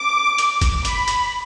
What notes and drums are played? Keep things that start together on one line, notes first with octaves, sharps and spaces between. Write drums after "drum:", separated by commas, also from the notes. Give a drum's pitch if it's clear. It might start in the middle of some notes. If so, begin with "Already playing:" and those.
Already playing: D6
drum: hi-hat
drum: kick, hi-hat
B5, drum: hi-hat
drum: hi-hat